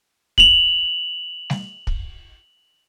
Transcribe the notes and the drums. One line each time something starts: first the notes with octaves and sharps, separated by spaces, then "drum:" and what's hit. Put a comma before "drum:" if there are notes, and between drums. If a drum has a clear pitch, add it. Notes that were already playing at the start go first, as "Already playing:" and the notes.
F7 F#7, drum: kick
drum: snare G3
drum: kick